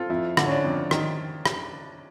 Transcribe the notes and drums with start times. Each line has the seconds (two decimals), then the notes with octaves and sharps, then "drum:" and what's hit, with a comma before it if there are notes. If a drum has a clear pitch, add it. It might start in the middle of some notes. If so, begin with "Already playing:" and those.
Already playing: C4 F4 A4
0.10 F2 E4
0.37 D3, drum: rim click
0.46 C#4
0.51 D4
0.64 F2
0.91 D#3, drum: rim click
1.46 drum: rim click